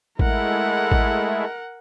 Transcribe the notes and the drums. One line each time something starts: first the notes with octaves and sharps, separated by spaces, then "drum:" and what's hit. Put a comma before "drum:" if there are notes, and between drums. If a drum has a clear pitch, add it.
G#3 A3 E4 A#4 F#5, drum: kick A1
drum: kick A1